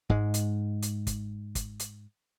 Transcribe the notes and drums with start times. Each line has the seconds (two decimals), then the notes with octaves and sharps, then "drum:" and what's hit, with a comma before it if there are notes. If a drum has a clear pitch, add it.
0.10 G#2 G#3, drum: kick
0.34 drum: hi-hat
0.82 drum: hi-hat
1.07 drum: kick, hi-hat
1.55 drum: kick, hi-hat
1.80 drum: hi-hat